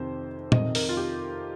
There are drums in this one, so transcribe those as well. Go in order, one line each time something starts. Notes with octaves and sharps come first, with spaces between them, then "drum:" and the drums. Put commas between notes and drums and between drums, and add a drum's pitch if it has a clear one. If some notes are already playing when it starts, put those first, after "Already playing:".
Already playing: F2 C3 D#3 C5
F2 C3 D#3 D#5, drum: tom A#2
A#4, drum: open hi-hat
F4
G4